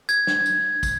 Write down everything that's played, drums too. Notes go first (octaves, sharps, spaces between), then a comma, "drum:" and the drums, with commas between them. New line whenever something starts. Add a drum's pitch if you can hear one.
G#6, drum: tambourine
drum: snare
drum: tambourine
drum: kick, tambourine